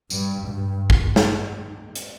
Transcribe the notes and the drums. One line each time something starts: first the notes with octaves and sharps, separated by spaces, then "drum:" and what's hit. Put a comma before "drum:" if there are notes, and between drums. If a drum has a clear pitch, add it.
G2, drum: tambourine
G2
drum: kick
drum: snare
drum: hi-hat